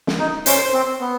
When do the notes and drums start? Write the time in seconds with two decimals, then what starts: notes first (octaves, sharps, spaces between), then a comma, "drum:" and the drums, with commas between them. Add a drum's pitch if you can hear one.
0.07 drum: snare
0.19 D#4
0.46 C#4 C5, drum: hi-hat
0.74 C4
1.00 B3